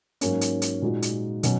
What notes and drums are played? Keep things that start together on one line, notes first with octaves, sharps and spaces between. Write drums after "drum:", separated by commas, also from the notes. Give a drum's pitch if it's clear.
G#2 F#3 A#3 C#4, drum: hi-hat
drum: hi-hat
drum: hi-hat
A#2 G#3 D#4 F#4
drum: hi-hat
B2 F#3 C#4, drum: hi-hat